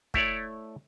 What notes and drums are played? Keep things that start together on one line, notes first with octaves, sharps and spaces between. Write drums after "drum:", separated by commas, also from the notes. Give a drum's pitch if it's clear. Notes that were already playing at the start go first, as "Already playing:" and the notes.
A3 E4 C#5 D5, drum: kick